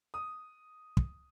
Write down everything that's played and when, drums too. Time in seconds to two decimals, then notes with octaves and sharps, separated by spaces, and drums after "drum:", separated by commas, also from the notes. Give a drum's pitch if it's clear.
0.14 D#6
0.97 drum: kick